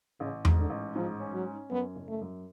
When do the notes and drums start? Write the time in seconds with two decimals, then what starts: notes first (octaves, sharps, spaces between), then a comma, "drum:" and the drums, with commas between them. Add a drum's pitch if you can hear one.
0.20 A1 C#3
0.45 G#2, drum: tom E2
0.58 D3
0.70 A1
0.96 G#2 F3
1.20 C#4
1.33 F#3
1.45 C#4
1.71 F#2 B3
1.96 F#1
2.08 A3
2.21 F#2